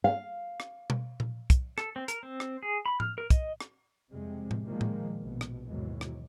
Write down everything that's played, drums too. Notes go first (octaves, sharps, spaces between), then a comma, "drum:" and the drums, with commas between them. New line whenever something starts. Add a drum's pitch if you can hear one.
F5
drum: rim click
drum: tom B2
drum: tom A#2
drum: kick, hi-hat
A4, drum: rim click
C4
A#4, drum: hi-hat
C4
drum: rim click
G#4
B5
F6, drum: tom A2
A#4
D#5, drum: kick, hi-hat
drum: rim click
F2 C3 G3 G#3
drum: tom A2
A#2 D#3 F3 G#3 A#3
drum: tom A2
A#1 B2
drum: rim click
D#2 G#2 B2 E3 F#3 G#3
drum: rim click